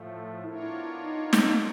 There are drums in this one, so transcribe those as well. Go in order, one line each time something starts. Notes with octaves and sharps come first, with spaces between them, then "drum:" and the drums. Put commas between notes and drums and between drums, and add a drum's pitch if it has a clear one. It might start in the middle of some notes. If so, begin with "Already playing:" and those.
Already playing: A2 F3 A3
B3 D4 E4 F4 A#4 C#5
D#4
D#4, drum: snare